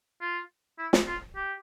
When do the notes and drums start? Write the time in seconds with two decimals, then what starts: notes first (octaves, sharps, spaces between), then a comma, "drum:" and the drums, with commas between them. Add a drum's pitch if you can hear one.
0.21 F4
0.79 E4
0.93 drum: snare
1.08 F4
1.36 G4